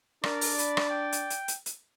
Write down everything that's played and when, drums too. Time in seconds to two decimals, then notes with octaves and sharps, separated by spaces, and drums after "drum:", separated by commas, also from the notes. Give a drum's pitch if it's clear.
0.23 D4 A#4 D5, drum: rim click
0.41 drum: open hi-hat
0.59 B5, drum: hi-hat
0.77 drum: rim click
0.90 G5
1.12 drum: hi-hat
1.30 drum: hi-hat
1.48 drum: hi-hat
1.66 drum: hi-hat